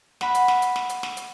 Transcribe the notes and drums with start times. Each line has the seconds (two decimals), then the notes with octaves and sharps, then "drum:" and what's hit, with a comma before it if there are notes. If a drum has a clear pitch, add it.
0.21 F#5 B5, drum: snare
0.35 drum: hi-hat
0.48 drum: snare
0.62 drum: hi-hat
0.76 drum: snare
0.89 drum: hi-hat
1.03 drum: snare
1.17 drum: hi-hat